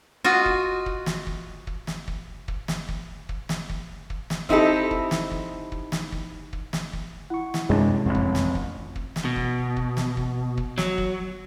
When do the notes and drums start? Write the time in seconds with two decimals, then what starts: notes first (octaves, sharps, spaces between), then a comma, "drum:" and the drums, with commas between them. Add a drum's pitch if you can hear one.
0.24 F4 F#4 D#5
0.46 drum: kick
0.86 drum: kick
1.06 drum: snare
1.27 drum: kick
1.67 drum: kick
1.87 drum: snare
2.08 drum: kick
2.48 drum: kick
2.68 drum: snare
2.88 drum: kick
3.29 drum: kick
3.49 drum: snare
3.69 drum: kick
4.10 drum: kick
4.30 drum: snare
4.49 C4 D#4 E4 G4 A4, drum: kick
4.91 drum: kick
5.11 drum: snare
5.31 drum: kick
5.72 drum: kick
5.92 drum: snare
6.12 drum: kick
6.53 drum: kick
6.73 drum: snare
6.93 drum: kick
7.30 E4 F#5 C#6
7.54 drum: snare
7.69 F#2 C3 G#3 B3 C#4 D4
8.05 A1 F2 C4
8.15 drum: kick
8.35 drum: snare
8.55 drum: kick
8.96 drum: kick
9.16 drum: snare
9.25 B2
9.36 drum: kick
9.76 drum: kick
9.97 drum: snare
10.17 drum: kick
10.57 drum: kick
10.78 F#3, drum: snare
10.98 drum: kick